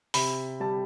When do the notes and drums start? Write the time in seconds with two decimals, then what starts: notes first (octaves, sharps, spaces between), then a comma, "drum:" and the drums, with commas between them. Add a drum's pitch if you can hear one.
0.14 C3 B5, drum: open hi-hat
0.60 G3 A5